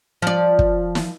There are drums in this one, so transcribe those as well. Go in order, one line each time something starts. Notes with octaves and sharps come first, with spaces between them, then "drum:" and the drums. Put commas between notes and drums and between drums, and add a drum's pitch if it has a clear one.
F3 D5
drum: kick
drum: snare